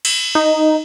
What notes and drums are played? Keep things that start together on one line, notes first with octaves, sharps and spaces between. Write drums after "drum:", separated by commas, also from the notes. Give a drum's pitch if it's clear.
drum: cymbal
D#4